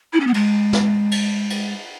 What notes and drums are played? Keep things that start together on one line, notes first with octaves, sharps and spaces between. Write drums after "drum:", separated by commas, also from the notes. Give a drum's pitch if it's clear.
E4
C#4
B3
G#3, drum: cymbal
drum: snare
drum: cymbal
drum: cymbal